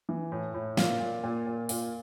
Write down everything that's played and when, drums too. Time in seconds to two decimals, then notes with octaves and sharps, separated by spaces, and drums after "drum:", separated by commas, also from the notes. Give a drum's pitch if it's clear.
0.09 E3
0.32 A2
0.54 A2
0.77 A#2 F4, drum: snare
1.00 A#2
1.24 A#2
1.47 A#2
1.69 A#2 F4, drum: open hi-hat